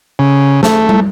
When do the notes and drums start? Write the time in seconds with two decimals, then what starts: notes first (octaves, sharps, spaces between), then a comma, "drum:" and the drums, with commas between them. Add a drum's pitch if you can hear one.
0.19 C#3
0.63 A3, drum: snare
0.89 drum: tom